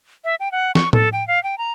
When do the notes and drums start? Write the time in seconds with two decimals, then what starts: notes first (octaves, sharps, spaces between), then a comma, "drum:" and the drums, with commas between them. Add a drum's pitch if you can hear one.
0.24 E5
0.40 G5
0.52 F#5
0.75 C#6, drum: snare
0.93 A4, drum: tom A2
1.13 G5
1.28 F5
1.43 G5
1.58 A#5